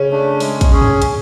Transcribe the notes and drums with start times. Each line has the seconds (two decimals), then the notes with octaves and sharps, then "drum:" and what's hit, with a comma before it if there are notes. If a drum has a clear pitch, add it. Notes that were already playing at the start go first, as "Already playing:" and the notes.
Already playing: C#3 C#4
0.11 A3 D4
0.40 G#3, drum: open hi-hat
0.61 drum: kick, hi-hat
0.72 C#4 G#4
0.81 drum: tom
1.02 drum: hi-hat